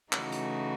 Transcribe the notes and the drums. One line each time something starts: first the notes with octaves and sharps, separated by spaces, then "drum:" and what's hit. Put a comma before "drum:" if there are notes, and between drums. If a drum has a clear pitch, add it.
C#3 E3 A3 D#4 F#4, drum: clap
drum: hi-hat